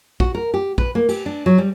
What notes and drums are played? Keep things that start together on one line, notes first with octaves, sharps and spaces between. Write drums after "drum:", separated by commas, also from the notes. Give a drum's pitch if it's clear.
F#4, drum: kick
A#4
G4
B4, drum: kick
A#3
G4, drum: cymbal
D4
F#3
G3